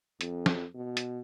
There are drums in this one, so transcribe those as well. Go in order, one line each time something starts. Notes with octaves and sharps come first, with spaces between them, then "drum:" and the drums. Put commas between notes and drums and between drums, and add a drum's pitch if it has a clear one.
F2, drum: hi-hat
drum: snare
B2
drum: hi-hat